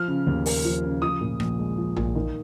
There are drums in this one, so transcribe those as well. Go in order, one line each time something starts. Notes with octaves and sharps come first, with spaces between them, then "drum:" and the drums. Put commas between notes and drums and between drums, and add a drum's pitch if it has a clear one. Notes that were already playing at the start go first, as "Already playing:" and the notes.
Already playing: F3 F6
C#3
D#2
A#3, drum: open hi-hat
F3
C#3
F3 D#6
A#2
A#1, drum: rim click
G#3
F3
A#2, drum: tom A#1
D#3